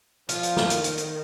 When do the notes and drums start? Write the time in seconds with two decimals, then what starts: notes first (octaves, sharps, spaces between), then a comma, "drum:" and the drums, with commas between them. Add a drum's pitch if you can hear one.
0.29 F3 F4, drum: hi-hat
0.43 drum: hi-hat
0.57 drum: snare
0.70 D#3, drum: hi-hat
0.84 drum: hi-hat
0.98 drum: hi-hat